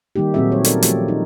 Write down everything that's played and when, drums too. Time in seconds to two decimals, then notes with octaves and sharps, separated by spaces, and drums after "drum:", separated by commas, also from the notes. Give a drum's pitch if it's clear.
0.16 D#3 G3 A#3 D#4 G4
0.34 A#2 F#3 C4 F#4 G#4 E5
0.52 F#3 A4 C#5
0.65 C#4 A4 A#4 D5, drum: hi-hat
0.83 F3 A3 C4 F4 G4, drum: hi-hat
1.08 D#4